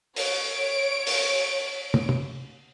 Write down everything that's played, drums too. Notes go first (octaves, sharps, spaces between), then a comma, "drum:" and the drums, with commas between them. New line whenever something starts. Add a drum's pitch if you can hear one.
C#5 D7, drum: open hi-hat
drum: open hi-hat
drum: tom
drum: tom